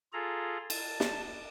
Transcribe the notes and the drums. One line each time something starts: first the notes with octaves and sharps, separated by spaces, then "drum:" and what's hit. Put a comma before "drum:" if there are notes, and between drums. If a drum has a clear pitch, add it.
F4 G#4 A4 A#5
A5, drum: cymbal
drum: snare